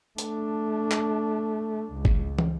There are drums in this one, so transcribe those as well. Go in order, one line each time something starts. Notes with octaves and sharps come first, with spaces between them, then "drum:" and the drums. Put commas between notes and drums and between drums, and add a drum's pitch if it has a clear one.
A3 D4, drum: hi-hat
drum: clap
C#2
drum: kick
drum: tom